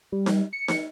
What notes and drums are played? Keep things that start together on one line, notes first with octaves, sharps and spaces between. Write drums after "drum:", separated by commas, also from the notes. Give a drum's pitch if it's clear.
G3
drum: snare D#4
C#7
drum: snare D#4